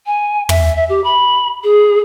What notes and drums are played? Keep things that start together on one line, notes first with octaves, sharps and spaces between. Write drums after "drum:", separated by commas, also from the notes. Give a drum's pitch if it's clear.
G#5
E5, drum: tom
E5
G4
B5
G#4